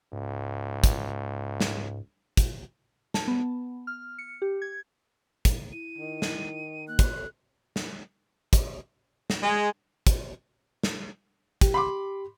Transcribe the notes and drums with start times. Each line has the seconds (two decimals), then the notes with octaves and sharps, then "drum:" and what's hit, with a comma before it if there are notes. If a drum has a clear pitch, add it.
0.13 C#2 G#2
0.84 drum: kick, hi-hat
1.61 drum: snare
2.37 drum: kick, hi-hat
3.14 A5, drum: snare
3.28 B3
3.87 F6
4.19 C#7
4.42 G4
4.62 G#6
5.45 drum: kick, hi-hat
5.72 E4 D#7
5.98 D#3
6.22 drum: snare
6.88 A#3 F#6
6.99 drum: kick, hi-hat
7.15 A4
7.76 drum: snare
8.53 drum: kick, hi-hat
9.30 drum: snare
9.43 G#3
10.07 drum: kick, hi-hat
10.83 drum: snare
11.61 G4, drum: kick, hi-hat
11.74 B5 C6 D6